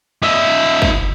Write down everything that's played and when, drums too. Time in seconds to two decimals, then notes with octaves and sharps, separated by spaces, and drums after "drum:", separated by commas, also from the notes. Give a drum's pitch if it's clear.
0.23 D#4 E5
0.82 drum: kick